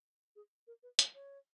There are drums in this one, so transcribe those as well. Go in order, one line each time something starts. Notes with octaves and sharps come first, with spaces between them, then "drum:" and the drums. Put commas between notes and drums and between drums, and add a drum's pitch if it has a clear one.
G#4
A#4
B4
C#5, drum: hi-hat
C#5